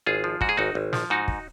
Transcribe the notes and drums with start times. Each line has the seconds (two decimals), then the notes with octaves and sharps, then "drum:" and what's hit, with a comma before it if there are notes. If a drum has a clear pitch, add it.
0.06 G#1 F4 G#4
0.24 F3
0.41 G#2 F#4, drum: kick
0.49 G#4
0.57 G#1 D#4 F#4
0.75 G#1
0.93 F3, drum: snare
1.10 G#2 D#4 F#4
1.28 drum: kick